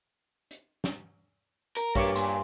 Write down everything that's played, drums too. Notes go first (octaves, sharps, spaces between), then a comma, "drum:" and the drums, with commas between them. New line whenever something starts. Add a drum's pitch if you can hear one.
drum: hi-hat
drum: snare
A#4, drum: hi-hat
G2 A#2 A#3 C#5 C#6 D6, drum: kick A#1
A#2 G#5 C6, drum: tambourine